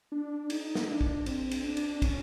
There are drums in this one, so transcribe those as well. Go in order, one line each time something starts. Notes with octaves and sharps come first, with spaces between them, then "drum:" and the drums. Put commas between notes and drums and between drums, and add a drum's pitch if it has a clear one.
D4
D#4, drum: cymbal
drum: snare
D4
drum: kick
C4, drum: cymbal
drum: cymbal
D4
drum: cymbal
C#4, drum: kick, cymbal